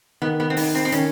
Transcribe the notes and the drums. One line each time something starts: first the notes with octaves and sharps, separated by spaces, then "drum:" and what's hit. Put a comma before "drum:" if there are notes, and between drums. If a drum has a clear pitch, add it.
D#3 B3
B3
C4
B3 D#4, drum: open hi-hat
C4
C4
D#3 C#4, drum: hi-hat